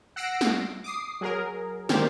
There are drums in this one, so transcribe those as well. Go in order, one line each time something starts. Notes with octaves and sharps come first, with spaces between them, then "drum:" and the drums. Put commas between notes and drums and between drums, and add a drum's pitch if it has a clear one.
F#5 E6 A#6 C7 D7
drum: snare
D6 D#6 C7
F#3 G#4 A#4
D3 D#3 A#3 G4 A#4 C5, drum: snare